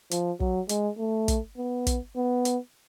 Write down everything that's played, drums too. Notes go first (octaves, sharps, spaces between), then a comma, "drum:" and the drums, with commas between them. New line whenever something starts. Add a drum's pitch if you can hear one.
F3, drum: hi-hat
F#3, drum: kick
G#3, drum: hi-hat
A3
drum: kick, hi-hat
B3
drum: kick, hi-hat
B3
drum: hi-hat